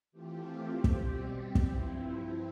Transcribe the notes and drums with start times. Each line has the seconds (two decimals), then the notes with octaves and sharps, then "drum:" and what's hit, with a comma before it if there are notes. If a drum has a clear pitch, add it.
0.12 E3 A3 C4 F4 G4
0.84 B2 G3 C4, drum: kick
1.55 G2 F3 C4 E4, drum: kick